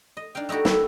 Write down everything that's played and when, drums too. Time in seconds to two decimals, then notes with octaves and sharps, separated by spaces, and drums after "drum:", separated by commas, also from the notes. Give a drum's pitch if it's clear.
0.17 D#5
0.35 D4 D#4 F5 G5
0.49 A3 D#4 E4 F#4 G4
0.65 E4 A4, drum: snare